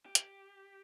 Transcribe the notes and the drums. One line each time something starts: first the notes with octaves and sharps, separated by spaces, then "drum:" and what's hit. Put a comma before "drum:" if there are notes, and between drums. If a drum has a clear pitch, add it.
G4
drum: hi-hat